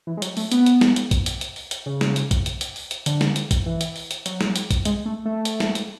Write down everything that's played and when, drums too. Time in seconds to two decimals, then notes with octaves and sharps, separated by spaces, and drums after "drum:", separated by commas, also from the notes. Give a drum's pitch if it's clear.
0.07 E3
0.17 G#3
0.22 F#3, drum: hi-hat
0.37 A3, drum: open hi-hat
0.52 B3, drum: hi-hat
0.66 drum: hi-hat
0.81 drum: snare
0.96 drum: hi-hat
1.11 drum: kick, hi-hat
1.26 drum: hi-hat
1.41 drum: hi-hat
1.56 drum: open hi-hat
1.71 drum: hi-hat
1.86 C#3
2.01 drum: snare
2.16 drum: hi-hat
2.31 drum: kick, hi-hat
2.46 drum: hi-hat
2.61 drum: hi-hat
2.76 drum: open hi-hat
2.91 drum: hi-hat
3.06 D3, drum: hi-hat
3.21 drum: snare
3.36 drum: hi-hat
3.51 drum: kick, hi-hat
3.66 E3
3.81 drum: hi-hat
3.96 drum: open hi-hat
4.11 drum: hi-hat
4.26 F#3, drum: hi-hat
4.41 drum: snare
4.56 drum: hi-hat
4.71 drum: kick, hi-hat
4.85 G#3, drum: hi-hat
5.06 A3
5.25 A3
5.45 drum: hi-hat
5.60 drum: snare
5.75 drum: hi-hat